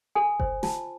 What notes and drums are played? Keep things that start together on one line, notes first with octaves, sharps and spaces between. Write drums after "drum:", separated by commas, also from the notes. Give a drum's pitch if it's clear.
A4 G#5
C5, drum: kick F#1
F4 A5, drum: snare